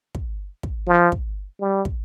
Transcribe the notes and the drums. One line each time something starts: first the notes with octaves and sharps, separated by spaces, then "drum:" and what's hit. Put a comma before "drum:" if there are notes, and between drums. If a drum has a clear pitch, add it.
drum: kick
drum: kick
F3
drum: kick
G3
drum: kick